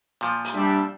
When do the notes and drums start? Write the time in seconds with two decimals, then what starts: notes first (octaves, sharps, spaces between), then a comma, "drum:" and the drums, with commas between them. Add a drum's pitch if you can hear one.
0.21 A#2 F3
0.44 drum: hi-hat
0.53 G3 D4 E5